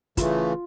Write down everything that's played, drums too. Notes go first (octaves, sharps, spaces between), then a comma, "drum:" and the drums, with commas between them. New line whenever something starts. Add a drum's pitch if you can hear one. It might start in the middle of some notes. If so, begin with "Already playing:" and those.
C#3 E3 A3 F4, drum: kick, hi-hat